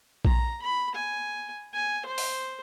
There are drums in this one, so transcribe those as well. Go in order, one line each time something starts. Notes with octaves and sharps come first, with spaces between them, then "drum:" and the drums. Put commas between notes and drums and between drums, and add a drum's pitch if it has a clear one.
A#5, drum: kick A#1
B5
G#5
G#5
C5
drum: open hi-hat